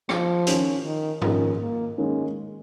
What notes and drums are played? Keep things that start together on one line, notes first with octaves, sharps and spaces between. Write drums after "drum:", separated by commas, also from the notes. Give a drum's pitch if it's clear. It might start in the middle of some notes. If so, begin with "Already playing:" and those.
F3, drum: rim click
D#3 C#4, drum: hi-hat
D#3
D#3 F3 A#3 C#4, drum: tom G#2
A#3
D#3 G#3 A#3 C#4